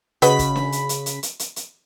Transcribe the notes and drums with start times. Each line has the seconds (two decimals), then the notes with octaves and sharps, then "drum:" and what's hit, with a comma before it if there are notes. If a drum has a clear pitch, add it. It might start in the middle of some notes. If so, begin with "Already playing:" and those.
0.22 C#3 F#4 B4 D#5 B5 B6, drum: hi-hat
0.39 drum: kick, hi-hat
0.56 drum: snare
0.72 drum: hi-hat
0.89 drum: hi-hat
1.06 drum: hi-hat
1.23 drum: hi-hat
1.39 drum: hi-hat
1.56 drum: hi-hat